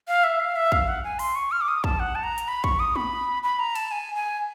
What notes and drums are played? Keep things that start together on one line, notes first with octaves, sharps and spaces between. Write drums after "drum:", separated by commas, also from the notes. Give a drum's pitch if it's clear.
F5
E5
F5
E5
F5, drum: kick
F#5
G#5
C6, drum: open hi-hat
C#6
F6
D6
D#6
A5, drum: kick
F#5
A5
A#5
drum: hi-hat
B5
C#6, drum: kick
D#6
B5, drum: tom
B5
A#5
A5, drum: cymbal
G#5
G#5